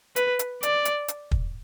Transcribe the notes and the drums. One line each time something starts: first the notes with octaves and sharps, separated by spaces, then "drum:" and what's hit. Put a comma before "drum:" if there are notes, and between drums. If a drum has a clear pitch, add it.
B4, drum: hi-hat
drum: hi-hat
D5, drum: hi-hat
drum: hi-hat
drum: hi-hat
drum: kick